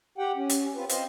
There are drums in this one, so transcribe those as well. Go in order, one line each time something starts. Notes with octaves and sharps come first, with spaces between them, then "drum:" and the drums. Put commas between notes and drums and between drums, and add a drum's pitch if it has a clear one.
G4 F#5 G5
C#4
drum: hi-hat
C4 F4 B4
C4 C5 D#5 F5, drum: hi-hat